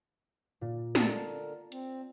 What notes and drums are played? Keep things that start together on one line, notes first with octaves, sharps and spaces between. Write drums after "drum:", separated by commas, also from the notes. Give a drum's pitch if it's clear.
A#2
D3 A#4 D5 A5, drum: snare
C4, drum: hi-hat